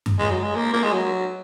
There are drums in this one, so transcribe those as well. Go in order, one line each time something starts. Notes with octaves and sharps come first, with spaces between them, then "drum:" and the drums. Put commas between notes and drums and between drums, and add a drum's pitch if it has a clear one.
drum: tom F#2
G#3
F#3
G#3
A#3
A#3
G#3
F#3